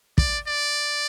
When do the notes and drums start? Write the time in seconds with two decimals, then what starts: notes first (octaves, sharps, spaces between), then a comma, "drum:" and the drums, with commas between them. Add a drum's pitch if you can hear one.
0.18 D5, drum: kick
0.48 D5